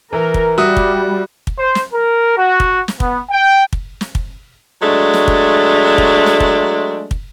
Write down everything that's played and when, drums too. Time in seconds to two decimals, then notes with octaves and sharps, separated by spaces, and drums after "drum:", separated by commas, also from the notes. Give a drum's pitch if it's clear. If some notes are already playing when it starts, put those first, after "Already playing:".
0.13 E3 A#4
0.34 drum: kick
0.58 G3 F#4 E5 D#6
0.77 drum: kick
1.47 drum: kick
1.58 C5
1.75 drum: snare
1.93 A#4
2.37 F#4
2.60 drum: kick
2.88 drum: snare
3.00 B3, drum: kick
3.30 G5
3.73 drum: kick
4.01 drum: snare
4.15 drum: kick
4.82 F#3 G#3 A3 D4
5.14 drum: snare
5.28 drum: kick
5.98 drum: kick
6.26 drum: snare
6.40 drum: kick
7.11 drum: kick